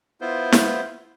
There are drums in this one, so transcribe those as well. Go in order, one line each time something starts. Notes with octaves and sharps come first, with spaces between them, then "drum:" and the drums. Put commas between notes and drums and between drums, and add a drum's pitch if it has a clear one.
B3 E4 F4 C5
drum: snare